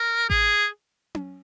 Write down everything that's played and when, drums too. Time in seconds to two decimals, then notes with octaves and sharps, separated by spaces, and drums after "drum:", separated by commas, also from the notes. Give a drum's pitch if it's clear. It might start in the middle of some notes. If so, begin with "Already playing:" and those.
Already playing: A#4
0.30 G#4, drum: kick A1
1.15 drum: tom C#4